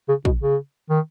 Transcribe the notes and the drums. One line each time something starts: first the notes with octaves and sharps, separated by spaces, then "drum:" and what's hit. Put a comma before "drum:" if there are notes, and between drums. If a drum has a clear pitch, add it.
C#3
B2, drum: kick
C#3
D#3